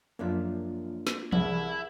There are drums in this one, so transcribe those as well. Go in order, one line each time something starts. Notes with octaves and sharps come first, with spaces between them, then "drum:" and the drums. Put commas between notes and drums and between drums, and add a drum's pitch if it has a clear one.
F#2 F3 A#3 D4 F4 E5
drum: snare
C2 E4 G#4 B4, drum: tom E3